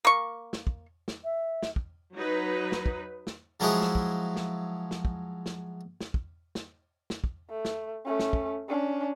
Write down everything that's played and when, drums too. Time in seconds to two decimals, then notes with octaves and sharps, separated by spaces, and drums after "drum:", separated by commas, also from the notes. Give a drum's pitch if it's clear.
0.05 A#3 C#6
0.53 drum: snare
0.67 drum: kick
1.08 drum: snare
1.24 E5
1.63 drum: snare
1.76 drum: kick
2.14 F#3 D#4 B4
2.72 drum: snare
2.86 drum: kick
3.27 drum: snare
3.60 F3 F#3 G#3 E4 F#4 G#4
3.82 drum: snare
3.95 drum: kick
4.36 drum: snare
4.91 drum: snare
5.05 drum: kick
5.46 drum: snare
6.00 drum: snare
6.14 drum: kick
6.55 drum: snare
7.10 drum: snare
7.24 drum: kick
7.50 A3
7.65 drum: snare
8.06 A3 C#4
8.19 drum: snare
8.33 drum: kick
8.69 C#4 D4